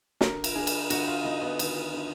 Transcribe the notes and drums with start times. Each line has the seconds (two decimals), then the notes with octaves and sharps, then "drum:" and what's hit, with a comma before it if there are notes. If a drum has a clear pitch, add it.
0.21 D3 A#4, drum: snare
0.44 drum: cymbal
0.55 D4 G#4
0.67 drum: cymbal
0.90 D3 F#4, drum: cymbal
1.08 F4
1.25 D3 D#4
1.42 B3
1.59 D#3, drum: cymbal
1.94 D4